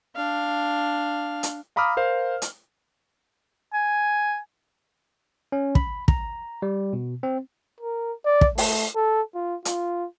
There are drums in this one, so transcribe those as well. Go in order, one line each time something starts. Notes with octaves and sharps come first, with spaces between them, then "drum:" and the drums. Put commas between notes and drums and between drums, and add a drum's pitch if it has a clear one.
D4 F5
drum: hi-hat
F5 A#5 B5 D6 D#6 F6
A#4 C5 F5
drum: hi-hat
G#5
C#4
B5, drum: kick
A#5, drum: kick
G3
B2
C4
A#4
D5
drum: kick
A3, drum: open hi-hat
A4
F4
F4, drum: hi-hat